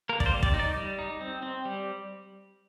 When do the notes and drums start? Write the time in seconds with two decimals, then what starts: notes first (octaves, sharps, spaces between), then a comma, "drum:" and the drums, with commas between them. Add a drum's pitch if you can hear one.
0.09 A#3 A#4
0.20 D5, drum: kick
0.26 C5
0.31 G3
0.43 D5, drum: kick
0.54 D#4
0.60 D5
0.76 G3
0.99 D#4
1.21 C4
1.43 C4
1.65 G3